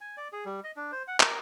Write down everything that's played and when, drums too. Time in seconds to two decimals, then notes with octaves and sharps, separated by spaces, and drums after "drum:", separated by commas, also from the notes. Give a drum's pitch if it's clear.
0.01 G#5
0.17 D5
0.33 G#4
0.46 G3
0.64 D#5
0.76 D4
0.92 C5
1.08 F#5
1.20 A#4, drum: clap